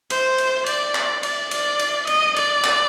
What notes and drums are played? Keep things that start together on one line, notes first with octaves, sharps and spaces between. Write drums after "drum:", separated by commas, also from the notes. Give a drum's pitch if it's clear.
C5, drum: cymbal
drum: cymbal
D5, drum: cymbal
drum: clap
D5, drum: cymbal
D5, drum: cymbal
drum: cymbal
D#5, drum: cymbal
D5, drum: cymbal
drum: clap